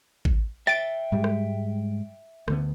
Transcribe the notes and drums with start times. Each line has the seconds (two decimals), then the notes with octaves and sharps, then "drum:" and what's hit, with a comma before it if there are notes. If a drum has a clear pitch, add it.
0.25 drum: kick G#1
0.67 E5 G5 A6 D7
1.12 G#2 G3 G#3
1.24 drum: rim click
2.48 D2 D3 B3, drum: rim click